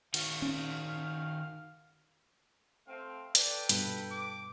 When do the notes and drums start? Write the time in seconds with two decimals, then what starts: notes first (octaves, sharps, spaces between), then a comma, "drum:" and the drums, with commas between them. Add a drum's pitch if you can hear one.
0.14 D#3 F#4 F5, drum: cymbal
0.42 C#4
2.87 A3 C4 F5
3.35 A4 B4 D5 G5, drum: hi-hat
3.69 G2 B2 B5, drum: hi-hat
4.11 D6